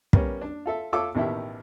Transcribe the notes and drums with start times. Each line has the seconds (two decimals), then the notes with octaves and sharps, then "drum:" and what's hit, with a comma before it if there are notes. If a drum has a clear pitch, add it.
0.13 G3 A#3 B3 C#4, drum: kick
0.41 D4
0.66 F4 A4 E5
0.93 F4 A4 C#5 E5 D6 E6
1.15 A1 B2 D#3 E4 G4 E5